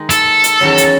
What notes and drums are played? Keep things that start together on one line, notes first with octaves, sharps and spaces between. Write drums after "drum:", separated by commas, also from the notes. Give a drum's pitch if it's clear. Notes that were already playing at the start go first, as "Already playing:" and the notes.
Already playing: D#3 G#3 D#4
A4, drum: hi-hat
drum: hi-hat
E2 D#3 F#3 C#4
drum: hi-hat